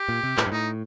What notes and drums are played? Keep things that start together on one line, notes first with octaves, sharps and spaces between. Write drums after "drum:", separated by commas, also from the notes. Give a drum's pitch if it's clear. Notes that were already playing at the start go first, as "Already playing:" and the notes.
Already playing: G4
A#2
C3
A2, drum: clap
G2
A2 D#4